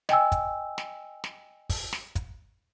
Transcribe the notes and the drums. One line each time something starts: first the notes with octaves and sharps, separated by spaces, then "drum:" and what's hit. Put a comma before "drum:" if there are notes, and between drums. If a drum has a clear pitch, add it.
D#5 G5 G#5 E6, drum: snare
drum: kick, hi-hat
drum: snare
drum: snare
drum: kick, open hi-hat
drum: snare
drum: kick, hi-hat